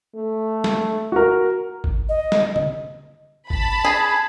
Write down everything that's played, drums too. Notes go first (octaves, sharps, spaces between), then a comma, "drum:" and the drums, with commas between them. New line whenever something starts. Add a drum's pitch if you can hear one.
A3
drum: snare
F#4 A#4
drum: kick G#1
D#5
drum: snare
drum: tom
A5 B5, drum: kick G#1
G#4